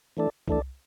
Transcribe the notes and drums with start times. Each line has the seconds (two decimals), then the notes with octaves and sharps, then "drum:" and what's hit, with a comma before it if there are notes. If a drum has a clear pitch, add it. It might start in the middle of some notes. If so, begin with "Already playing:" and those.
0.17 E3 A3 D4 A4 D5
0.48 E3 A3 D4 A4 D5, drum: kick C2